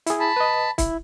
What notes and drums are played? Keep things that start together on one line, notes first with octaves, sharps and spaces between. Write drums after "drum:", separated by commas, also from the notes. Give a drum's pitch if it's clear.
E4 G#4, drum: hi-hat
A5 B5
B4 D#5
E4, drum: kick, hi-hat